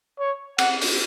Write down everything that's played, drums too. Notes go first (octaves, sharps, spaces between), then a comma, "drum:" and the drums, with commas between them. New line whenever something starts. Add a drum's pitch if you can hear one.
C#5
F#5, drum: cymbal
drum: open hi-hat